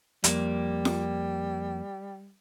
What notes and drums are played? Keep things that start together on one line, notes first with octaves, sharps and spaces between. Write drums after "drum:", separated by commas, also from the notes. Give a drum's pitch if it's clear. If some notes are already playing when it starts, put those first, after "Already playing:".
F2 G3 A#3, drum: hi-hat
drum: snare F4